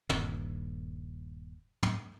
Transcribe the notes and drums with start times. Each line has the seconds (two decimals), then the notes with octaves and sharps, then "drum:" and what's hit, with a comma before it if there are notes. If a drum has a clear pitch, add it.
0.09 D#1 G2, drum: tom
1.83 drum: tom